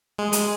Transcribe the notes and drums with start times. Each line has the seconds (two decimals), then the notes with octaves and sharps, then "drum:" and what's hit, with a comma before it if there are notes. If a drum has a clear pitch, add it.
0.18 G#3
0.33 G#3, drum: hi-hat